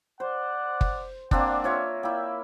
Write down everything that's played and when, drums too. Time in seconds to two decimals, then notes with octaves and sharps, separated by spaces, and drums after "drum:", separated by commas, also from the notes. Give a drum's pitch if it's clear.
0.20 C5 D5 F#5
0.81 drum: kick
1.31 A#3 C4 D4 D5 F#5, drum: kick
1.64 F4 C#5 E5
2.03 A#3 E4 D5 G5